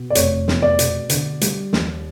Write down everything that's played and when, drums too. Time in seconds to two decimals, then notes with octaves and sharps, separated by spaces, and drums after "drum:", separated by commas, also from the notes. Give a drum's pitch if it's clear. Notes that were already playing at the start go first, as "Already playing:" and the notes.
Already playing: B2
0.10 D5
0.15 F1 C#5, drum: hi-hat
0.48 E2, drum: snare
0.62 D5
0.79 B2, drum: hi-hat
1.10 D3, drum: hi-hat
1.41 G3, drum: hi-hat
1.73 D#2, drum: snare